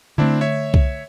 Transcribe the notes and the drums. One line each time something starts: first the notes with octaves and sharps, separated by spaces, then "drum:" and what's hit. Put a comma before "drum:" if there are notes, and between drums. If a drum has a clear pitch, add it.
D3 A3 C4 D4 E4
C#5 E5
drum: kick C2